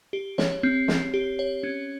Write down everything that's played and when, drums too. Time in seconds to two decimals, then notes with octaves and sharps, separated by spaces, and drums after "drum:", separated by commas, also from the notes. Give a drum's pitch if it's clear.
0.13 G4
0.38 C#5, drum: snare
0.63 C4
0.88 C4, drum: snare
1.14 G4
1.39 C#5
1.63 C#4